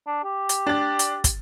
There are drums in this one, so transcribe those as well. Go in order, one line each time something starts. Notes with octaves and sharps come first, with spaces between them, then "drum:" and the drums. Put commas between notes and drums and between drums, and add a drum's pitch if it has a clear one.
D4
G4
drum: hi-hat
D4 A6
drum: hi-hat
drum: kick, hi-hat